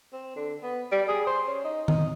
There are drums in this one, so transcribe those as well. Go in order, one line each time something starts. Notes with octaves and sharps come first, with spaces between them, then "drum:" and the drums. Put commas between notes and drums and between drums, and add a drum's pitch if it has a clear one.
C4
D3
B3
G3
G#4
C5
C#4
D#4
D#4, drum: tom D#3